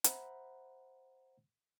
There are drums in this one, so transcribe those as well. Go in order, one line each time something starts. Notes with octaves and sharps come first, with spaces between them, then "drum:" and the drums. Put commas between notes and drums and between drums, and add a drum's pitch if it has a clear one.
C5 E5 F#5 A#5 B5, drum: hi-hat